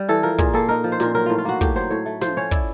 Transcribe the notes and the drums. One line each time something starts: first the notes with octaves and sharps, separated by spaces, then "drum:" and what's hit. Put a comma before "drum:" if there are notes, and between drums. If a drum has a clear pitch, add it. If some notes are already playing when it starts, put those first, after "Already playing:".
Already playing: G3
E3 A4
F3 A#4
A#2 G#4, drum: kick
A#3 A4
D#4 A#4
F3
C5
A#2 A#4, drum: snare
F#3 A#4
A2 F4
F4
A#3 F#4
A2 G4, drum: kick
F#3 C5
A2 C#5
A3
F3 C5, drum: snare
C#4 C#5
E4 D5, drum: kick